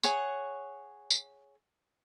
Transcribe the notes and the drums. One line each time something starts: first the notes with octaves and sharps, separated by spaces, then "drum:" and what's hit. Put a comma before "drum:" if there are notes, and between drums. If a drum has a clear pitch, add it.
G#4 C#5 F#5 C#6, drum: tambourine
drum: tambourine